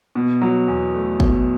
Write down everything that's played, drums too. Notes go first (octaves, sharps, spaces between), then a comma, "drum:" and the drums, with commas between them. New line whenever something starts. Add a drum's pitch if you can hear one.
B2
F#3
E2
A3
B2, drum: kick